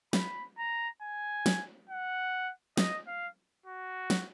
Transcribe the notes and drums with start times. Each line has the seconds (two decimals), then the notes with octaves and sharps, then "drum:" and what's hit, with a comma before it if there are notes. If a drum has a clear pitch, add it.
0.13 B5, drum: snare
0.58 A#5
1.02 G#5
1.46 drum: snare
1.90 F#5
2.77 D#5, drum: snare
3.07 F5
3.66 F#4
4.10 drum: snare